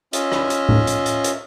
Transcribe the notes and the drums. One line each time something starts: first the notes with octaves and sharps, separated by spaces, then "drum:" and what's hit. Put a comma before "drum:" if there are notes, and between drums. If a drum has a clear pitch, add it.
C#4 F4 D#5 E5, drum: hi-hat
drum: rim click
drum: hi-hat
drum: tom A2
drum: hi-hat
drum: hi-hat
drum: hi-hat